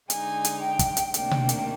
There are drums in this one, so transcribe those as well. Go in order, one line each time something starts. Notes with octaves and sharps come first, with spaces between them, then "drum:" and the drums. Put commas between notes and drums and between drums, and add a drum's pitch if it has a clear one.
D3 G#3 D#4 G#5, drum: hi-hat
drum: hi-hat
G5
drum: kick, hi-hat
drum: hi-hat
D2 C3 D#3 A#3 D4 G5, drum: hi-hat
drum: tom B2
drum: hi-hat